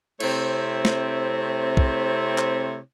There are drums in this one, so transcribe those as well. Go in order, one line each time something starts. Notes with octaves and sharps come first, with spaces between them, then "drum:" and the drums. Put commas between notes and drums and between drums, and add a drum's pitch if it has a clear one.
C3 A3 C4 E4 C#5, drum: cymbal
drum: snare
drum: kick B1
drum: clap